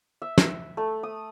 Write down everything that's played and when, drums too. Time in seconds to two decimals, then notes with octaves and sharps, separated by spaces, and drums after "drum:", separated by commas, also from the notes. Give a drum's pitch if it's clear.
0.22 E5
0.38 drum: snare
0.77 A3
1.03 D#6